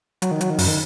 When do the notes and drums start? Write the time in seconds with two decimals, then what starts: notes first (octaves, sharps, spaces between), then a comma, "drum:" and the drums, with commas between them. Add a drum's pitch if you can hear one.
0.22 F#3, drum: hi-hat
0.31 D#3
0.41 F#3, drum: hi-hat
0.50 D#3
0.58 F#2, drum: open hi-hat
0.68 D#3